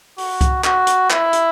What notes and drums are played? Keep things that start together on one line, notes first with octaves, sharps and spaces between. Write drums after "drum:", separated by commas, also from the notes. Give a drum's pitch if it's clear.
F#4, drum: open hi-hat
drum: kick C2, hi-hat
F#4, drum: clap
drum: hi-hat
E4, drum: clap
drum: hi-hat